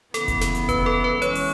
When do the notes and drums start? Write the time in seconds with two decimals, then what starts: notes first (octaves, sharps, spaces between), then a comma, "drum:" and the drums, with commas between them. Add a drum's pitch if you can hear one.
0.14 C#3 E3 B3 A4, drum: snare
0.28 drum: kick F1, hi-hat
0.41 drum: snare
0.55 drum: hi-hat
0.69 B4, drum: kick F1, hi-hat
0.86 A4
1.04 B4
1.22 E3 G#3 C#4 C#5, drum: hi-hat
1.35 drum: open hi-hat